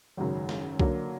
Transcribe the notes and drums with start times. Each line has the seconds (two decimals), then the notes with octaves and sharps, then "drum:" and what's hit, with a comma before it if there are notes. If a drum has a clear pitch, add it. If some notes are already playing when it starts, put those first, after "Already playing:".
0.17 G#1 F#2 C#3 F#3
0.49 drum: snare
0.80 D3 F#3 A#3, drum: kick B1